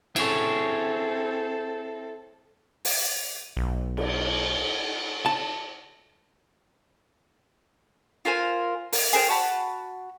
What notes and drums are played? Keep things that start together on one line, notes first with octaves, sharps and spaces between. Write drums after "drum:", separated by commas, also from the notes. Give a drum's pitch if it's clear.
C4 E4 G#4 A4 C#5, drum: cymbal
drum: open hi-hat
B1
drum: cymbal
A5
F4 A#4 C5 G#5
A#4, drum: open hi-hat
G#4 A#4 C5 G5
F#4 A5 B5